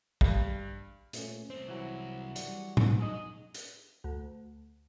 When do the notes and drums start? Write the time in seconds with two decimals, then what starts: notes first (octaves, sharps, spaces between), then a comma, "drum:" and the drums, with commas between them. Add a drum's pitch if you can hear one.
0.21 G2, drum: kick
1.13 A#2 A3 C#4, drum: hi-hat
1.50 C2 C4 C5
1.68 E3 F#3
2.36 G3 D5 F#5, drum: hi-hat
2.77 D#4, drum: tom A2
3.00 F#3 G#4 D#5
3.54 drum: hi-hat
4.04 D2